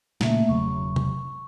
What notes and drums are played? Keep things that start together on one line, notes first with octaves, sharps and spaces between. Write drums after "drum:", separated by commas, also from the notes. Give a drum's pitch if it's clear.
A#2 C#3 A3 A#3 E5, drum: snare
E1 C#3 F#3 C#6
drum: tom C3